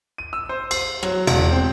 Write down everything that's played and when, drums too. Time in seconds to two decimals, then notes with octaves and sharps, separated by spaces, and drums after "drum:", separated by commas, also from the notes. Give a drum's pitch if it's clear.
0.18 D#7
0.33 E6
0.49 C5
0.71 C7, drum: cymbal
1.03 F#3, drum: rim click
1.27 E1, drum: cymbal
1.52 C4